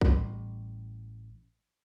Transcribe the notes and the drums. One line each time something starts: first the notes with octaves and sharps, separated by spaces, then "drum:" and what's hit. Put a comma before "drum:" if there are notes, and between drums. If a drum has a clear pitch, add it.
A1 A2 G3, drum: kick A#1